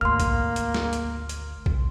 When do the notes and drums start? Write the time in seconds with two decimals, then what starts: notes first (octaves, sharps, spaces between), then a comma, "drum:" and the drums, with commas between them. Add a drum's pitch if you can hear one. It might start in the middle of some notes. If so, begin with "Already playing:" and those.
0.01 G#1 D2 A#3 C6 F6
0.20 drum: kick B1, hi-hat
0.56 drum: hi-hat
0.74 drum: snare
0.93 drum: hi-hat
1.29 drum: hi-hat
1.66 drum: kick B1